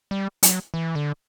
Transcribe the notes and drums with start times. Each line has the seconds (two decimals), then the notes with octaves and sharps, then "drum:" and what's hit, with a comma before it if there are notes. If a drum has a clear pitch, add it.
0.11 G3
0.43 F#3, drum: hi-hat
0.74 E3
0.95 D3